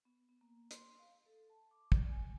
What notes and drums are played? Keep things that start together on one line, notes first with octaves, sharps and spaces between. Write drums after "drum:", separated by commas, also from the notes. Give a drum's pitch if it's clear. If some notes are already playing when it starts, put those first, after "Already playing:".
B3
B3
A#3
C6, drum: hi-hat
F5
A4
A5
D6
D5, drum: kick
G#5